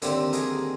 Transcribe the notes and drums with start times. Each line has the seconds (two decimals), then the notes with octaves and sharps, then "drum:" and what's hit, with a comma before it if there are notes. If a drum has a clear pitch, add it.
0.02 D#2 D3 G3 C4 G4 A4, drum: hi-hat
0.33 G#4 A#4, drum: hi-hat